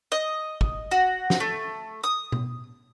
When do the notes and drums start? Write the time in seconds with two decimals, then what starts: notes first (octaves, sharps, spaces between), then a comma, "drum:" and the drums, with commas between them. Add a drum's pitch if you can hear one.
0.12 D#5
0.61 drum: kick
0.91 F#4
1.30 drum: snare
1.40 A3
2.04 D#6
2.32 drum: tom B2